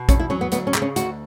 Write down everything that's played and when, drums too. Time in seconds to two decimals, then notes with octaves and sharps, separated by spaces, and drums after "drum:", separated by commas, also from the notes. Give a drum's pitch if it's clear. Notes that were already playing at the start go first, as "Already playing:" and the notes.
Already playing: B2
0.09 E2 C#4, drum: kick A#1, hi-hat
0.20 E4
0.30 F#3 C#4
0.41 B3
0.52 D2 B3, drum: hi-hat
0.67 C#4
0.74 C#3, drum: clap
0.82 C#4
0.96 D2 F#4, drum: hi-hat